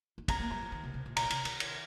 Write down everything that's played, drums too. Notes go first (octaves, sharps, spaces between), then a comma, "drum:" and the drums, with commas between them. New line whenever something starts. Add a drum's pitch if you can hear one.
D#4
C4 A#5, drum: kick, cymbal
A#3
G3 A#5
F3
D#3
C3
C3
A#2
A#2 A#5, drum: cymbal
D#3
C3, drum: cymbal
D#3, drum: cymbal
drum: cymbal